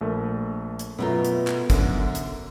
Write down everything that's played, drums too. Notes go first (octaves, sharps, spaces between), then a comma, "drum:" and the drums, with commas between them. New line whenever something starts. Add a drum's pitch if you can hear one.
A#1 A3 A#4
drum: hi-hat
F#2 B2 A3 F4 A#5
drum: hi-hat
drum: clap
F#2 D3, drum: kick, hi-hat
drum: hi-hat